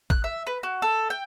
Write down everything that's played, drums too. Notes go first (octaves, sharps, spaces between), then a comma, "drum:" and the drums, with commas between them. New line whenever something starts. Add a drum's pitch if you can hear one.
F#6, drum: kick
E5
B4
F#4
A4
G5